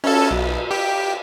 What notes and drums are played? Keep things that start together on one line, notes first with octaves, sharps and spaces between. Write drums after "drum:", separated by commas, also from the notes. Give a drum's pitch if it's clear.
C#4 A4, drum: cymbal
B1
G4